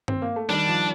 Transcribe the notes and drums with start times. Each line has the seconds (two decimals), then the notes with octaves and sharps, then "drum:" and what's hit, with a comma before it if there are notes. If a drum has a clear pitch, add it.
0.08 C4, drum: tom G2
0.22 A#3
0.36 A3
0.49 D#3 G3 D4
0.68 F3